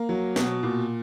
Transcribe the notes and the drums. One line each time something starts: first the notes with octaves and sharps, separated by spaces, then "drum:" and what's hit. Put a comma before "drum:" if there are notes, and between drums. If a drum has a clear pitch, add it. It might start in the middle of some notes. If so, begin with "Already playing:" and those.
Already playing: A#3
F#3
B2, drum: snare
A#2